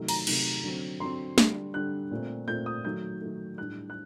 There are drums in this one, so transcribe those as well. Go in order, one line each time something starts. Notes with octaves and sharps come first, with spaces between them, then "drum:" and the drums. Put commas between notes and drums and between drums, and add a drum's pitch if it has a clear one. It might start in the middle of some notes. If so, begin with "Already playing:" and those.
Already playing: C3 D#3 F#3 A3
A#5, drum: cymbal
C3 D#3 F#3 A3, drum: cymbal
D3 F#3 C4
D3 F#3 C4 C6
D3 G3 D4, drum: snare
D3 G3 D4 F#6
A#2 A3 C4
A#2 A3 C4 G6
D#6
D#3 F#3 A3 G6
D#3 F#3 A3
A2 G3 D4 F#6
F#6